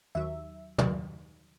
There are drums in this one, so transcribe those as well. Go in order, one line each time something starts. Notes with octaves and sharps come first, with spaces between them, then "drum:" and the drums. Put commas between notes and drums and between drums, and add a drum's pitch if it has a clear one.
D#2 D#3 F#3 E5
D#2 D#3 F#3, drum: tom